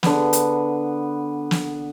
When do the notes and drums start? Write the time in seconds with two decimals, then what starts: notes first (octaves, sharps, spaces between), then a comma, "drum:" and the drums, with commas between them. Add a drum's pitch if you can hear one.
0.03 D3 B3, drum: snare
0.33 drum: hi-hat
1.51 drum: snare